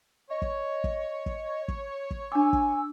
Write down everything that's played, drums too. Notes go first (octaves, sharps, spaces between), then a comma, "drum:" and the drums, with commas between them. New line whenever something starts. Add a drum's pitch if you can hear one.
C#5 D#5
drum: kick
drum: kick
drum: kick
drum: kick
drum: kick
D4 G#5 D6 E6
drum: kick